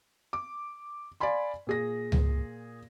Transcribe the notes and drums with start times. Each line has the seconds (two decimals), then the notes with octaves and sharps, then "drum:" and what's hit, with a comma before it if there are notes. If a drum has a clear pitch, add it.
0.33 D6
1.20 D5 F5 G#5 B5 C6
1.67 A#2 G#4 A#6
2.12 drum: tom C#2